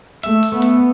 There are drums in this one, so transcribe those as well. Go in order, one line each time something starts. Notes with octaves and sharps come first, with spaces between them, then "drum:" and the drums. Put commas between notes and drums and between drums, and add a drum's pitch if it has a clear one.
A3 E5, drum: hi-hat
drum: open hi-hat
A3 B3
drum: hi-hat